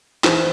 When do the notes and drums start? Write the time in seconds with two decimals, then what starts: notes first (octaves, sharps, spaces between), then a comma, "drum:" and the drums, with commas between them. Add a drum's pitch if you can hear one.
0.24 E3 C5, drum: clap